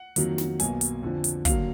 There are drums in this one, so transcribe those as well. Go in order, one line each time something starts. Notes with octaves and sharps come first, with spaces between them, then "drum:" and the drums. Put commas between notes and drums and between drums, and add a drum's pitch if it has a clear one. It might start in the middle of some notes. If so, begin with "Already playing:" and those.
Already playing: F#5
F2 D#3 F#3 A#3, drum: hi-hat
drum: snare
B1 B2 A#3 G#5, drum: hi-hat
drum: hi-hat
F2 D3 F3
drum: hi-hat
D#2 D3 F#3 A#3 F5, drum: kick, hi-hat